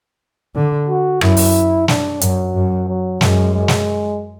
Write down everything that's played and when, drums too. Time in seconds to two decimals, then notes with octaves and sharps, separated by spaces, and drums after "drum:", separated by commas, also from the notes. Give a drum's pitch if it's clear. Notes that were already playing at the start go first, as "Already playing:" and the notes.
0.55 D3
0.89 F#4
1.21 F#2 E4, drum: rim click
1.37 drum: open hi-hat
1.88 D4, drum: snare
2.21 F#2 F#3, drum: hi-hat
2.55 F#2
2.88 F#3
3.21 F#2 G#3, drum: snare
3.54 G#3
3.68 drum: snare